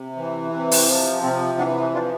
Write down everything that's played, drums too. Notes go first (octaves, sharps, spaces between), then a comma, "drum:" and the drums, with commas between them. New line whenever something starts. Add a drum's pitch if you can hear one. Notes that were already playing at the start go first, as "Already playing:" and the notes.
Already playing: C3
E3
C3
drum: open hi-hat
F3
C3 C4
E3 B3 D4
F3 D4 F4